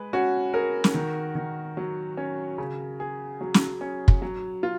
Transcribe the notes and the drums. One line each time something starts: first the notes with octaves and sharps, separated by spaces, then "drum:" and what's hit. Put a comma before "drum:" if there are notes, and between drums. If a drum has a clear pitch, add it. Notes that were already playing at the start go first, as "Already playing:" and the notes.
Already playing: G#3 B4
C#4 F#4
G#4 A#4
drum: snare
D#3
D#3
F#3
C#4
C#3
G#4
F#3
drum: snare
C#4
drum: kick
F#3
F4